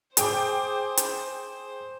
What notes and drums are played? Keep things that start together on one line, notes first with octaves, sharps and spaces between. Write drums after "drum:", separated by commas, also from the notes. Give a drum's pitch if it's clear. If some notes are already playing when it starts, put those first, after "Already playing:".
G#4 C5 G5 D6, drum: hi-hat
drum: hi-hat